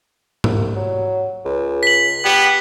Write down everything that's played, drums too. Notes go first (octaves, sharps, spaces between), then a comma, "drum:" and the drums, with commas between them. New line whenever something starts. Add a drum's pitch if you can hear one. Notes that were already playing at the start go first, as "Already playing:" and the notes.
C2, drum: tom G#2
F#3
C#2
B6 F#7
B3 G4